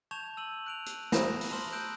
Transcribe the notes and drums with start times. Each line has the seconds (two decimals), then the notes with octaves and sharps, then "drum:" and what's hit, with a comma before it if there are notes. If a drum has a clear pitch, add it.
0.11 A5 C#6 G6 G#6 E7 F7
0.37 E6 D#7 F#7
0.66 F#6 D7 F7
0.86 drum: hi-hat
1.12 A#5 B5 C#6 D#6 A#6 E7, drum: snare
1.41 drum: open hi-hat
1.51 A5 C6 F6 E7 F#7
1.72 E6 F#6 G6 D7 E7